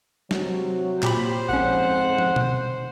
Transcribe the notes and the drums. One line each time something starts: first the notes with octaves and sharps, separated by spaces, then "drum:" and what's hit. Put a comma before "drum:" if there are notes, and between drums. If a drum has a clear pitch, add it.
C3 F#3, drum: snare
A#2 G4 C5 B5, drum: clap
A#1 F2 G#2 C4 C#4 F#5
drum: tom
drum: tom B2